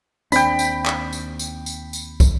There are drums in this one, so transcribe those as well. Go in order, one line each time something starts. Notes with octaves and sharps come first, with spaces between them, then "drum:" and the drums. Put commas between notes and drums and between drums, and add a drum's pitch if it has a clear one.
D#2 C4 D4 G5 B5, drum: tambourine
drum: tambourine
drum: clap
drum: tambourine
drum: tambourine
drum: tambourine
drum: tambourine
drum: kick, tambourine